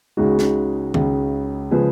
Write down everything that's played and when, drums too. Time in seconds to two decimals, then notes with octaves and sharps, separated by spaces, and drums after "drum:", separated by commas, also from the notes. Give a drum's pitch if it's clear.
0.17 C#2 C#3 G#3 D#4 F#4
0.39 drum: snare
0.94 C#2 C#3 G#3, drum: tom D#3
1.71 C#3 F3 G#3 G#4 B4